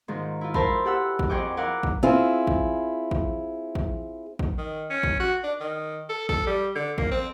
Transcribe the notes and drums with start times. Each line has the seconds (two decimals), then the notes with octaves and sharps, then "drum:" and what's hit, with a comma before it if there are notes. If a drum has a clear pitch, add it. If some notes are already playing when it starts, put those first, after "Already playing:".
0.08 G#2 D#3 F4
0.41 E4 F4
0.54 A#4 C5 E5 A5 B5 C6, drum: kick A#1
0.85 G4 A4 F#5 B5 E6
1.19 drum: kick A#1
1.29 F2 G#4 D#5 G5 C#6 D6
1.57 E4 A#4 F5 F#5 D6
1.83 drum: kick A#1
2.03 C4 E4 F4 G#4
2.47 drum: kick A#1
3.11 drum: kick A#1
3.75 drum: kick A#1
4.39 drum: kick A#1
4.58 D#3
4.90 C#4
5.03 drum: kick A#1
5.20 F#4
5.44 D4
5.60 D#3
6.09 A4
6.29 A4, drum: kick A#1
6.47 G3
6.75 D3
6.98 A#3, drum: kick A#1
7.11 C4